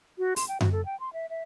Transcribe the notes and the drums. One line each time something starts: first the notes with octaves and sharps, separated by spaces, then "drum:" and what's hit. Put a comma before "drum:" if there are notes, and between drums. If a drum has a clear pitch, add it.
F#4
C6, drum: open hi-hat
G5
F#4, drum: tom F#2
A4
G5
C6
E5
E5